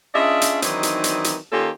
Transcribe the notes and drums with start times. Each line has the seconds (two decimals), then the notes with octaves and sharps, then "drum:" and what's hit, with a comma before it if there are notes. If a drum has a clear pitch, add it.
0.14 C#4 D4 F4 G#4 D#5 E5
0.41 drum: hi-hat
0.62 D#3 E3 F#3 C4 D4 D#4, drum: hi-hat
0.83 drum: hi-hat
1.04 drum: hi-hat
1.24 drum: hi-hat
1.53 D#3 A#3 C#4 F4 G4 A4